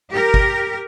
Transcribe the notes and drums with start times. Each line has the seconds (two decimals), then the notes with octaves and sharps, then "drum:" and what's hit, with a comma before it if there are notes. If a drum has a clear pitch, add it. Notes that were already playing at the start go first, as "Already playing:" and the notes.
0.10 G4 A#4
0.34 drum: kick G1